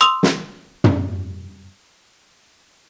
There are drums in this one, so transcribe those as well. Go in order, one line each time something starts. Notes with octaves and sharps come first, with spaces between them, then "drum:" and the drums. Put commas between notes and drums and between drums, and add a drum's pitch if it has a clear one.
C6 D#6 E6 F7
drum: snare
drum: tom